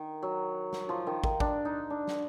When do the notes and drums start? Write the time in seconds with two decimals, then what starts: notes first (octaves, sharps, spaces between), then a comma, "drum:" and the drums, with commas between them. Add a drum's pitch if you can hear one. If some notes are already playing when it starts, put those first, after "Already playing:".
Already playing: D#3
0.23 F#3
0.73 drum: snare
0.89 F3
1.07 D#3
1.24 D#3, drum: kick
1.40 D4, drum: kick
1.65 D#4
1.90 D4
2.08 drum: snare